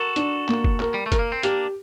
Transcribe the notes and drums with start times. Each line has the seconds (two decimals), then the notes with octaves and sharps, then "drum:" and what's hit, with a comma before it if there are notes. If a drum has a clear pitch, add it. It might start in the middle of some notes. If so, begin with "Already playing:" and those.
Already playing: F#4 A4 A#4
0.16 D4, drum: hi-hat
0.49 A#3, drum: clap
0.64 drum: kick
0.80 A#4, drum: clap
0.94 G3
1.06 A3
1.12 A#4, drum: kick, hi-hat
1.19 A#3
1.32 C4
1.43 A#3 D4 G4, drum: hi-hat